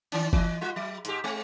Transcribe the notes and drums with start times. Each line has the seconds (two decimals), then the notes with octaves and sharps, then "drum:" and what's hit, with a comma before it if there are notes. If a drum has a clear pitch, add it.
0.12 D#3 C#4, drum: cymbal
0.33 E3 D#5, drum: kick G1
0.61 G3 F4
0.76 F#3
1.05 G#2 G4, drum: hi-hat
1.24 G#3 C4